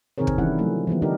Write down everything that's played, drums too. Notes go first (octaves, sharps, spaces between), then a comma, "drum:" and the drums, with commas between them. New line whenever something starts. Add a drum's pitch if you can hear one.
C3 D#3 C4 G#4 A#4 C#5
drum: kick
D#3 E3 G3 C#4 E4 F#5
F3 F#3 A3
E3 F3 G3 B3
D3 G3 D4 D#4 G4 A#4